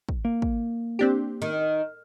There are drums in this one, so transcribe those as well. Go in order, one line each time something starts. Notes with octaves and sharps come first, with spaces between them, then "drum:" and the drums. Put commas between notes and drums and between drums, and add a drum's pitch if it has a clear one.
drum: kick
A#3
drum: kick
C4 D4 G4
D#3